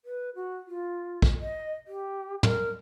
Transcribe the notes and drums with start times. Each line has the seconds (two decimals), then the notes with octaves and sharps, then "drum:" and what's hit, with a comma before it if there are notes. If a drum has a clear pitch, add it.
0.05 B4
0.36 F#4
0.67 F4
1.22 drum: kick
1.40 D#5
1.87 G4
2.43 A#4, drum: tom